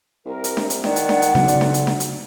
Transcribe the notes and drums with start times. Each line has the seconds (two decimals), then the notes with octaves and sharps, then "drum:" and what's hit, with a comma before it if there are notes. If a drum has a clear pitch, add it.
0.25 C2 A#4
0.44 drum: hi-hat
0.57 drum: snare D4
0.70 drum: hi-hat
0.84 D#3 D5 F#5, drum: snare D4
0.96 drum: hi-hat
1.09 drum: snare D4
1.22 drum: hi-hat
1.35 B1 C#3 F#3, drum: snare D4
1.48 drum: hi-hat
1.61 drum: snare D4
1.74 drum: hi-hat
1.87 drum: snare D4
2.00 drum: hi-hat